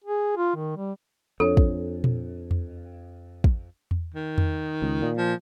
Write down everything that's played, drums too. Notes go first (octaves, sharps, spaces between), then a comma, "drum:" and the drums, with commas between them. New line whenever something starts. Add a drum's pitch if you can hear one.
G#4
F4
D#3
G3
F2 D4 A4 C#5
drum: kick
drum: tom A#2
drum: tom E2
drum: kick
drum: tom E2
D#3
drum: tom E2
C#2
A#2
F3